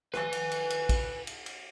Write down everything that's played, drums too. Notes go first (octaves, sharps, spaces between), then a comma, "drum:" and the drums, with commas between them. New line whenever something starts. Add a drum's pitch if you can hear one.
B4 G#5, drum: rim click
drum: cymbal
drum: cymbal
drum: cymbal
drum: kick, cymbal
drum: cymbal
drum: cymbal